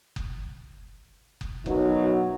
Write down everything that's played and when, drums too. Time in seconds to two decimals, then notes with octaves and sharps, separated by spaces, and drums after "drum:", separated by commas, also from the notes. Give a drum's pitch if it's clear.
0.16 drum: kick F#1
1.41 drum: kick F#1
1.66 F#2 B2 F#3 B3 D#4, drum: kick F#1